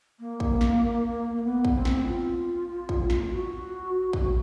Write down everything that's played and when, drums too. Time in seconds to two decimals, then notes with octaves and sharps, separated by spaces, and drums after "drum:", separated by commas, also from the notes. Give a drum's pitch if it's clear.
0.19 A#3
0.40 drum: kick
0.61 drum: snare
1.37 A#3
1.44 B3
1.65 drum: kick
1.75 C4
1.85 drum: snare
2.06 F4
2.89 drum: kick
3.10 drum: snare
3.30 F#4
4.13 drum: kick